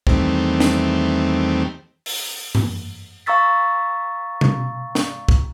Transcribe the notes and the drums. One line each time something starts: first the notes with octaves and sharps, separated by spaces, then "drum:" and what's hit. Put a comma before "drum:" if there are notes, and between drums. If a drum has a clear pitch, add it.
E2 D#3 G3 A3 C4, drum: kick
drum: snare
drum: open hi-hat
drum: tom F#2
F5 A#5 C#6 E6 A6 B6
drum: tom B2
drum: snare
drum: kick